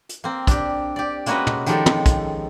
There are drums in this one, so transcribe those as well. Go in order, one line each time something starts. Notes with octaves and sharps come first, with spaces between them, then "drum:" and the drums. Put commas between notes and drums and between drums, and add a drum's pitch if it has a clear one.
drum: hi-hat
A#3 C4
D4 G4, drum: kick, hi-hat
G4 D5
G#3 A#3 C#4 F#4 B4 D#5, drum: hi-hat
drum: tom
D#3 F3 G#3 G4 A4, drum: hi-hat
drum: tom
drum: kick, hi-hat